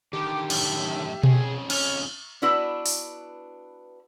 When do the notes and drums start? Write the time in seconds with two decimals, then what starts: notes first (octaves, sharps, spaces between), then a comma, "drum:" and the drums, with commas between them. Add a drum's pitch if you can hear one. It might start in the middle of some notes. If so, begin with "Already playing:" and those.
0.13 D3 D#3 G4 D6
0.50 F#2 A2 E5, drum: cymbal
1.23 F2 C#3 G#4, drum: tom B2
1.70 C#4 C#5 F6, drum: cymbal
2.42 B3 D4 E4 F#4 B4
2.86 drum: open hi-hat